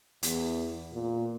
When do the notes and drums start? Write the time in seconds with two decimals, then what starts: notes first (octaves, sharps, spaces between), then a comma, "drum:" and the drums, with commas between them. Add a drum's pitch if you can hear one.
0.23 E2, drum: hi-hat
0.93 A#2